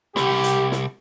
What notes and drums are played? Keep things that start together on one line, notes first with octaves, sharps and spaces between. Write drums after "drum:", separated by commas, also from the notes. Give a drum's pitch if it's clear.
C2 G4, drum: snare
drum: hi-hat
drum: snare